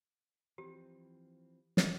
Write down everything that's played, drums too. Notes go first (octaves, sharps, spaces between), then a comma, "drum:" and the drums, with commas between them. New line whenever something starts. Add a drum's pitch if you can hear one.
E3 F3 C4 G4
drum: snare